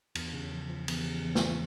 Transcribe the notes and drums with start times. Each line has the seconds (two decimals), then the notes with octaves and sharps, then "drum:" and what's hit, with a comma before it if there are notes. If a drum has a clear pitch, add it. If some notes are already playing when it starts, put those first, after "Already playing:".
0.15 E2, drum: cymbal
0.33 C#3
0.51 F3
0.69 F3
0.88 E2, drum: cymbal
1.05 C#3
1.23 E2
1.35 drum: snare